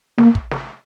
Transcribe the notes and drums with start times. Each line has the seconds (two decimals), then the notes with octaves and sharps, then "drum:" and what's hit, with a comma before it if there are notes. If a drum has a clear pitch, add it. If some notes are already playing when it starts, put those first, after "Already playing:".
0.18 A#3, drum: snare
0.35 drum: kick
0.51 drum: snare